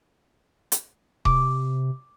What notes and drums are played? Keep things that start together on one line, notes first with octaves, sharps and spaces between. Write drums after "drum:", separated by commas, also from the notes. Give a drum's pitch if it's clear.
drum: hi-hat
C3 D6, drum: kick D#1